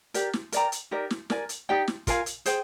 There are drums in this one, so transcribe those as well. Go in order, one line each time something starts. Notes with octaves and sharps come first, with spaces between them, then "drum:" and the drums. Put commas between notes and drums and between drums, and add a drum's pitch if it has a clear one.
G4 A#4 D5, drum: hi-hat
drum: snare
A#4 D5 G5 A#5, drum: hi-hat
drum: hi-hat
D#4 G4 A#4 D5
drum: snare
A#4 D5 G#5, drum: snare
drum: hi-hat
D#4 G4 D5 G5
drum: snare
F4 A#4 F5 G#5, drum: kick, hi-hat
drum: hi-hat
G#4 C5 G5, drum: hi-hat